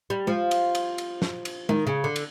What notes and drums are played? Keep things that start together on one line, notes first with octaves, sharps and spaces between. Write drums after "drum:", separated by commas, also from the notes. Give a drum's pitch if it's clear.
G3
F3, drum: tom G#3
drum: cymbal
drum: cymbal
drum: cymbal
drum: snare
drum: cymbal
D#3, drum: tom G#3
C#3
D3
drum: cymbal